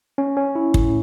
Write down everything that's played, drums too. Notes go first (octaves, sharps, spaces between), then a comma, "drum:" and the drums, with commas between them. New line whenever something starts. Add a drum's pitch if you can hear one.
C#4
C#4
E4
A2, drum: kick